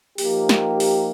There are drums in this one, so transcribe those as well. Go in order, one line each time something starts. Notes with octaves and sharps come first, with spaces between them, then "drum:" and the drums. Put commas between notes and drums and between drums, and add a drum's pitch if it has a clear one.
F3 A#3 D#4 G4, drum: open hi-hat
drum: snare
drum: open hi-hat